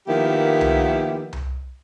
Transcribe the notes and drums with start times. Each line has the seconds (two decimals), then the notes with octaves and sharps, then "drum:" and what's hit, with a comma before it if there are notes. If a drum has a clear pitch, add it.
0.07 D#3 F3 A#3 B3 E4 G4
0.61 drum: tom C2
1.33 drum: tom C2